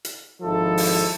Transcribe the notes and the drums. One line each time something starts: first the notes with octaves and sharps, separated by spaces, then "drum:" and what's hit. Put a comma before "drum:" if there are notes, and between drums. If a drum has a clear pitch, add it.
drum: hi-hat
G#1 F3 D#4 E4 A4
drum: open hi-hat